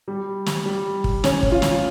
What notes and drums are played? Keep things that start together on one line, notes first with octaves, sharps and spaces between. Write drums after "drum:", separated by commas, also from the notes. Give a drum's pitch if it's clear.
G3
drum: snare
G3
drum: kick
C#4, drum: snare
drum: kick
F4
drum: snare